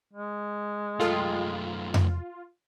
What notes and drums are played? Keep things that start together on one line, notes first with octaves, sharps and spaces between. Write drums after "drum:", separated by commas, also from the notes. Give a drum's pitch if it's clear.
G#3
F#2 A3 F4 G#4 A4 G5
drum: tom F2